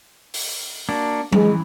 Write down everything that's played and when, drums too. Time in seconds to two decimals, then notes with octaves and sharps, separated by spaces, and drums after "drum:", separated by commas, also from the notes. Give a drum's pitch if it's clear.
0.34 drum: open hi-hat
0.89 A#3 D4 F#4
1.32 E3 G#3, drum: tom F#3